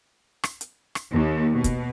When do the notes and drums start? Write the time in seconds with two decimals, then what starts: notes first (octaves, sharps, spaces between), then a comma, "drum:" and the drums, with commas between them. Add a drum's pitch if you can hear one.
0.44 drum: rim click
0.61 drum: hi-hat
0.95 drum: rim click
1.12 D#2
1.54 B2
1.64 drum: kick, hi-hat